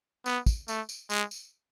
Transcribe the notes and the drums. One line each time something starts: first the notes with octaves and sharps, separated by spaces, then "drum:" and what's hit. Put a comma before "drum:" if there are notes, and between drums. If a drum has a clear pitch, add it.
B3, drum: tambourine
drum: kick, tambourine
A3, drum: tambourine
drum: tambourine
G#3, drum: tambourine
drum: tambourine